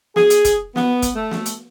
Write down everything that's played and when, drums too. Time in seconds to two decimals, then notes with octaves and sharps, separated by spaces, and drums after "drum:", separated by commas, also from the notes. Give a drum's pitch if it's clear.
0.16 G#4, drum: snare
0.30 drum: hi-hat
0.45 drum: kick, hi-hat
0.76 B3, drum: snare
1.02 drum: kick, hi-hat
1.15 A3
1.31 drum: snare
1.46 drum: hi-hat